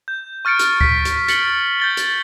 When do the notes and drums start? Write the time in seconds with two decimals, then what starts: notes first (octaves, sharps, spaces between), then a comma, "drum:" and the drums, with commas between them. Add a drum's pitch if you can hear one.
0.08 G6
0.45 C#6 F6 A6 C#7 D7
0.59 drum: hi-hat
0.81 B6, drum: kick D2
1.05 drum: hi-hat
1.28 A6 C#7 F#7 G7, drum: hi-hat
1.80 G6 A6 G7
1.97 drum: hi-hat